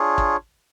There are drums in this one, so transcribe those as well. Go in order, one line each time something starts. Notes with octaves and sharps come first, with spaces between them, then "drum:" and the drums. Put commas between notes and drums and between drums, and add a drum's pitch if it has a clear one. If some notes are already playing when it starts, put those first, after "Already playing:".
Already playing: D4 F4 G#4 C#5
drum: kick